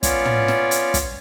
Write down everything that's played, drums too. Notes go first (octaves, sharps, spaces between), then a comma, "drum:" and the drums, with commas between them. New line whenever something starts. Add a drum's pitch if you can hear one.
B3 C#4 F4 C#5 D5, drum: kick, hi-hat
drum: tom
drum: snare
drum: hi-hat
drum: kick, hi-hat